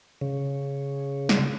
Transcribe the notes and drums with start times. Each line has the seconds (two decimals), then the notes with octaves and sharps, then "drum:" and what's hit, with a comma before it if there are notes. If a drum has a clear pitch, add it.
0.21 C#3
1.29 drum: snare